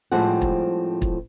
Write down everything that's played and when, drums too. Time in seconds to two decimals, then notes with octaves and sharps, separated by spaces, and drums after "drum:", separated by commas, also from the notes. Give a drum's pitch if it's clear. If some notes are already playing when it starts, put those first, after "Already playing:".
0.12 A2 F3 G3 G#3 C4 F#5
0.42 drum: kick
1.02 drum: kick